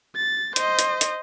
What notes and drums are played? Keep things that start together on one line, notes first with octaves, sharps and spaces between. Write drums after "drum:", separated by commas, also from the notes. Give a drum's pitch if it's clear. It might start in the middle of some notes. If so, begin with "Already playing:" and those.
A6
C5 D#5, drum: hi-hat
drum: hi-hat
drum: hi-hat